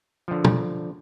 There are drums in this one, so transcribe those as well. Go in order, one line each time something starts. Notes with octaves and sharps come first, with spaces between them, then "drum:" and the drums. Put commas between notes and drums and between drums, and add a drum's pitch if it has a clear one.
D3 F3
drum: tom